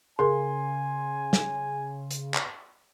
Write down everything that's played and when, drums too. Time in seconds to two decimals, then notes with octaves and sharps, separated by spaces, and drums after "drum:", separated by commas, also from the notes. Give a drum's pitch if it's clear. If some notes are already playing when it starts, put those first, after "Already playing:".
0.19 C#3 G#4 A#4 G#5 C6
1.33 drum: snare
2.11 drum: hi-hat
2.34 drum: clap